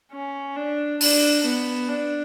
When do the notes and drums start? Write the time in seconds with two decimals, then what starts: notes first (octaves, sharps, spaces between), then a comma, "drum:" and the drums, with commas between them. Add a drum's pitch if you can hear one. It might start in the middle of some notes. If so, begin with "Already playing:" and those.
0.12 C#4
0.56 D4
1.01 D4, drum: open hi-hat
1.44 B3
1.89 D4